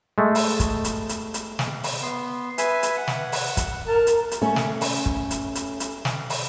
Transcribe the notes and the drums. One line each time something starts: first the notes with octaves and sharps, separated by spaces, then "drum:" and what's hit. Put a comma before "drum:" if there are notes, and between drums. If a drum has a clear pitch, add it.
G#3 A3
drum: open hi-hat
drum: kick, hi-hat
drum: hi-hat
drum: hi-hat
drum: hi-hat
drum: snare
drum: open hi-hat
B3 C6
B4 E5 G#5, drum: hi-hat
drum: hi-hat
F#5
drum: snare
drum: open hi-hat
drum: kick, hi-hat
A#4 A5
drum: hi-hat
drum: hi-hat
A3 C#4
drum: snare
drum: open hi-hat
drum: kick
drum: hi-hat
drum: hi-hat
drum: hi-hat
drum: snare
drum: open hi-hat